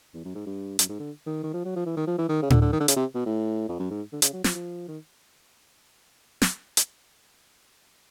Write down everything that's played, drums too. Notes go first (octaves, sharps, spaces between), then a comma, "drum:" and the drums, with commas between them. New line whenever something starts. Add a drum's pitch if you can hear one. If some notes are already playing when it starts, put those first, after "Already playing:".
E2
F#2
G#2
G2
F#2, drum: hi-hat
G#2
D3
D#3
D#3
F3
F#3
F3
E3
D#3
F3
E3
D#3
C#3
D3, drum: tom A2
D3
D#3
D3
C#3, drum: hi-hat
C3
B2
A2
F2
F#2
G#2
D3
C#3, drum: hi-hat
F#3
F3, drum: snare
F3
D#3
drum: snare
drum: hi-hat